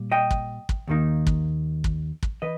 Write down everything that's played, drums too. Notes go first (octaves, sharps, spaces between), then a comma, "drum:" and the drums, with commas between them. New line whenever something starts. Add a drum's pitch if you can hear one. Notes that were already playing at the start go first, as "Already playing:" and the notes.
Already playing: A#2 G3
D#5 G5
drum: kick
drum: kick
D#2 D#3 A#3 D#4
drum: kick
drum: kick
drum: kick
E3 B4 D#5